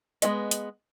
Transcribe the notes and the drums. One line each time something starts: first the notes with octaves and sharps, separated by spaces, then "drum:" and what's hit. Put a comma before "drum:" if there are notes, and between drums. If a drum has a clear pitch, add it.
G#3 B3 D#5, drum: hi-hat
drum: hi-hat